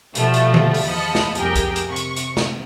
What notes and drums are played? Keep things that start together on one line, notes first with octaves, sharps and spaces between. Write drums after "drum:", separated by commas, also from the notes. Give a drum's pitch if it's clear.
B2 F3 G3 A3 A4, drum: hi-hat
drum: hi-hat
drum: tom D3
drum: open hi-hat
E2 F3 D#5 A5 B5 C#7
drum: snare
F2 G4 G#4 A#4 G5, drum: hi-hat
drum: kick B1, hi-hat
drum: hi-hat
C3 C#6
drum: hi-hat
drum: hi-hat
drum: snare